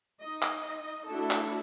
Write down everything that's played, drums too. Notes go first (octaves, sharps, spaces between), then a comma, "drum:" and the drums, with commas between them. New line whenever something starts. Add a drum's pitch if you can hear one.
D#4 D#5
drum: clap
A3 D4 E4 F#4 A4
drum: clap